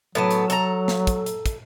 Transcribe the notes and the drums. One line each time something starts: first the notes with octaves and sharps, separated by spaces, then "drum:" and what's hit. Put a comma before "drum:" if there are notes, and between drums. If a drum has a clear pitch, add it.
A2 F#3 B3 A5
drum: hi-hat
A4 A#5, drum: hi-hat
drum: snare
drum: kick, hi-hat
drum: hi-hat
drum: kick, hi-hat